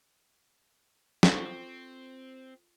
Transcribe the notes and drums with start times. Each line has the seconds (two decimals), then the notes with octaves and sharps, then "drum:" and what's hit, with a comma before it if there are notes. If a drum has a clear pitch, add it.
1.23 drum: snare
1.33 C4 F4 A4 C#6